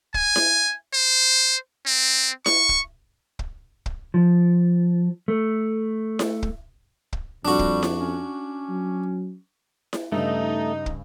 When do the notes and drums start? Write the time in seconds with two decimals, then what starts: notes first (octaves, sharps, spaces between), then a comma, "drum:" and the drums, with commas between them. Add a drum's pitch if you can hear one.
0.14 G#5, drum: kick
0.36 drum: snare E4
0.94 C5
1.86 C4
2.46 C#6, drum: snare E4
2.69 drum: kick
3.39 drum: kick
3.86 drum: kick
4.14 F3
5.28 A3
6.19 drum: snare E4
6.43 drum: kick
7.13 drum: kick
7.45 F2 G3 D4 F#4
7.59 drum: kick
7.83 drum: snare E4
7.98 C#4
8.70 F#3
9.93 drum: snare E4
10.12 G2 C#3 A3 D#4
10.86 drum: kick